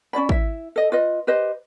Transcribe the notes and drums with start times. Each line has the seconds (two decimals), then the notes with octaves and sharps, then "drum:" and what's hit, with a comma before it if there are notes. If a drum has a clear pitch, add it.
0.13 C#4 F4 D5 B5
0.29 E4 E5, drum: kick
0.76 A4 D#5
0.92 F4 B4 D#5
1.27 G4 B4 C5 D#5